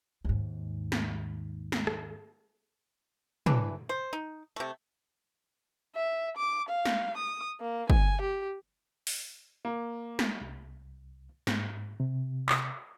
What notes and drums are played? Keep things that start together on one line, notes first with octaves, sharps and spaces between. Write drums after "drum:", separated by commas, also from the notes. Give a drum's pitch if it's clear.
D#2 G#2
drum: snare
drum: snare
drum: rim click
E3 D4, drum: tom
C5
D#4
C3 A3
E5
D6
F5
drum: snare
D#6
A#3
G#5, drum: kick
G4
drum: open hi-hat
A#3
drum: snare
C2
G#2, drum: snare
C3
drum: clap